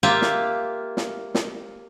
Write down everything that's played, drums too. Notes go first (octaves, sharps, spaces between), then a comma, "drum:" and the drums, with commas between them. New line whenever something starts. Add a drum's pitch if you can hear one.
A#3 F4 G4 E5
drum: snare
drum: snare
drum: snare